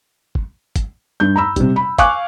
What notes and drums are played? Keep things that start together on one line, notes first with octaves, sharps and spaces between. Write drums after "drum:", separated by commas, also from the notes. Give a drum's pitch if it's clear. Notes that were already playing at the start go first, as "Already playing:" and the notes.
drum: kick
drum: kick, hi-hat
G2 G6
A#5 B5 E6
C3 G3, drum: kick, hi-hat
B5
F5 G#5 C#6 D6 F#6, drum: kick, hi-hat